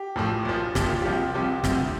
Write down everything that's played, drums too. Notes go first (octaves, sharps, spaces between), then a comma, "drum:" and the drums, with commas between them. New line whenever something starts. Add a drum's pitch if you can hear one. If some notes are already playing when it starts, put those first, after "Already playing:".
Already playing: G4
A1 A2 F3
A#1 A#2 F3
A#1 A#2 F3 G4, drum: snare
F4
C2 C3 F3 G4
C2 C3 F3 G4
D2 C3 F3, drum: snare